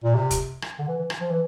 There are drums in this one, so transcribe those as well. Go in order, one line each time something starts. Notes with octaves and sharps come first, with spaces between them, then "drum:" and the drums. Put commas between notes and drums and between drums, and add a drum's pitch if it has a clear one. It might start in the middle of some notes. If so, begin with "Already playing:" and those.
A#2
C3
drum: kick, hi-hat
drum: rim click
D3
E3
E3
drum: rim click
F3
E3